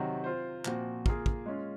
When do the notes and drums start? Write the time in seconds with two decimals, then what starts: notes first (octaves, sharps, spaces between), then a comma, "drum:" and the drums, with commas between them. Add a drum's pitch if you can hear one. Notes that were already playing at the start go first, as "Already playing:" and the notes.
Already playing: C3 D#3 F#3 C4 F#4
0.24 C4 F4 C5
0.65 A#2 F3 C4 F#4, drum: clap
1.06 A#3 F4 G#4, drum: kick
1.26 drum: kick
1.46 G#3 C#4 F4